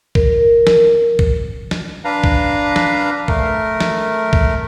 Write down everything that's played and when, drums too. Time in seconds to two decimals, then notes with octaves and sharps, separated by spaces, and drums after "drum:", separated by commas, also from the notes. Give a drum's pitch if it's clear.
0.15 A#4, drum: kick
0.67 drum: snare
1.19 drum: kick
1.71 drum: snare
2.05 D4 B4 F5 A#5
2.24 drum: kick
2.76 drum: snare
3.28 A3 A#4, drum: kick
3.81 drum: snare
4.33 drum: kick